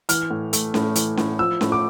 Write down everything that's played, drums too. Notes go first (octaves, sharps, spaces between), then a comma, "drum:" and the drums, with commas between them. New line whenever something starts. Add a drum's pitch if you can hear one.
E3 F6, drum: hi-hat
A2
A3, drum: hi-hat
A2, drum: snare C#4
E3, drum: hi-hat
A2, drum: snare C#4
F3 E6
A2, drum: snare C#4
D6